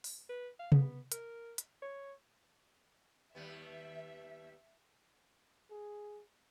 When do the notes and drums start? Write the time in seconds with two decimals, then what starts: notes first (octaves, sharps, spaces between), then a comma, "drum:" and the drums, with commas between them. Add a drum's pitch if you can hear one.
0.04 drum: open hi-hat
0.29 B4
0.59 F5
0.72 B3, drum: tom C3
1.12 A#4, drum: hi-hat
1.58 drum: hi-hat
1.82 C#5
3.35 D#2 G3 B3 E5
5.70 G#4